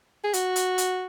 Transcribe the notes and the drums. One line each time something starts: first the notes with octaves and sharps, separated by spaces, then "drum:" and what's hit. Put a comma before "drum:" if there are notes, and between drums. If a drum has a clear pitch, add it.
G#4
F#4, drum: hi-hat
drum: hi-hat
drum: hi-hat